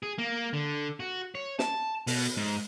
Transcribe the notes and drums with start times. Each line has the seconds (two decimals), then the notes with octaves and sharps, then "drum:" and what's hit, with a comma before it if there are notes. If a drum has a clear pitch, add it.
0.03 G#4
0.18 A#3
0.53 D3
1.00 F#4
1.35 C#5
1.59 A5, drum: snare
2.07 B2, drum: open hi-hat
2.37 G#2